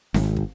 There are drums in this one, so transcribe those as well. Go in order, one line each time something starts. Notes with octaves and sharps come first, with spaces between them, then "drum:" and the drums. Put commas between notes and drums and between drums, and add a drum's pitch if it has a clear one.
G#1, drum: snare C4
drum: kick